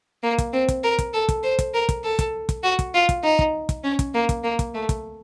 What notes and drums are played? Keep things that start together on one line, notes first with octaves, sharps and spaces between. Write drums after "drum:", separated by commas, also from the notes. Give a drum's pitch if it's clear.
A#3
drum: kick, hi-hat
C4
drum: kick, hi-hat
A#4
drum: kick, hi-hat
A4
drum: kick, hi-hat
C5
drum: kick, hi-hat
A#4
drum: kick, hi-hat
A4
drum: kick, hi-hat
drum: kick, hi-hat
F#4
drum: kick, hi-hat
F4
drum: kick, hi-hat
D#4
drum: kick
drum: kick, hi-hat
C#4
drum: kick, hi-hat
A#3
drum: kick, hi-hat
A#3
drum: kick, hi-hat
A3
drum: kick, hi-hat